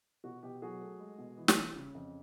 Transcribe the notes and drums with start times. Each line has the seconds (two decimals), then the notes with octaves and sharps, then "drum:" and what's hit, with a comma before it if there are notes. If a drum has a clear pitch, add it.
0.24 B2 F#4
0.43 B2 G4
0.62 F#3 F#4 G#4
0.81 A3
1.00 G#3
1.18 B2
1.37 E3
1.48 drum: snare
1.57 G3
1.76 C#3
1.95 F2